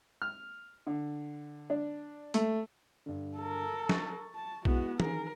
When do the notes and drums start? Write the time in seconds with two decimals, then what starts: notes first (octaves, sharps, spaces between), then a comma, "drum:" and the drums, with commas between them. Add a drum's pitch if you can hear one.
0.22 F6
0.87 D3
1.70 D4
2.34 A3, drum: hi-hat
3.06 G2 D3
3.37 A4 A#4
3.89 C#6 A6, drum: snare
4.35 A5
4.65 G#3 B3 E4 F#4, drum: kick
5.00 D#3 G#4 A#4, drum: tom